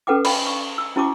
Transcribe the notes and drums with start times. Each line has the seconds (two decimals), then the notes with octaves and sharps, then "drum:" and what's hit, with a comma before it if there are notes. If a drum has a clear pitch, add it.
0.07 C#4 A4 B4 F#5 G5 D6
0.25 G5 B5, drum: cymbal
0.47 C#6
0.78 E6
0.96 C#4 E4 F#4 A5 C#6 D6